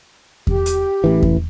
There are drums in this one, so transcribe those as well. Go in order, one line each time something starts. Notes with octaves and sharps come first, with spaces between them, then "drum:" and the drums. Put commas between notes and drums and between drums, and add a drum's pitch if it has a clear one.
G4, drum: kick E2
drum: hi-hat
A1 E3
drum: kick E2